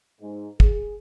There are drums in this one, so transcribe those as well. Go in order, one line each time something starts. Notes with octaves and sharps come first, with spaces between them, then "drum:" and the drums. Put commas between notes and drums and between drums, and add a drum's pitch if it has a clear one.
G#2
G#4, drum: kick